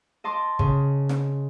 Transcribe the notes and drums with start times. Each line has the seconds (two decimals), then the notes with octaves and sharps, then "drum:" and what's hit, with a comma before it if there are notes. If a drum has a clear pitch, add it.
0.24 D#5 A5 C6 D6
0.59 C#3, drum: kick
1.09 drum: snare